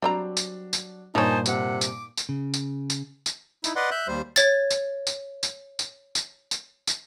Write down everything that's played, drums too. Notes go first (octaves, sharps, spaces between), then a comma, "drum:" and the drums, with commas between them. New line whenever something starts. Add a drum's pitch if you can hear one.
F#3 G3 C4 D4 A#5
drum: tambourine
drum: tambourine
G2 A#2 D#3 D#4 C5 C#5 G#5 A5
C3 F#5, drum: tambourine
D6, drum: tambourine
drum: tambourine
C#3
drum: tambourine
drum: tambourine
drum: tambourine
D#4 E4, drum: tambourine
B4 D5 D#5 F#5 C6
E5 F#6 G6
D#2 G3 C5
C#5 A6, drum: tambourine
drum: tambourine
drum: tambourine
drum: tambourine
drum: tambourine
drum: tambourine
drum: tambourine
drum: tambourine